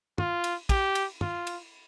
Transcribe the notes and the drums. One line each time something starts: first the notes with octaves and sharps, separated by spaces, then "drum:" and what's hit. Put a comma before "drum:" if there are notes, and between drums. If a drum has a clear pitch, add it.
F4, drum: tom
drum: cymbal
G4, drum: kick, cymbal
drum: cymbal
F4, drum: tom
drum: cymbal